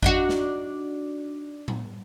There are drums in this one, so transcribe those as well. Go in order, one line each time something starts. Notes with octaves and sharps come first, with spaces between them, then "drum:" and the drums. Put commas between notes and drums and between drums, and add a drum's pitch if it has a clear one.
D4 D#4 F#4, drum: kick G#1
drum: snare
drum: tom A2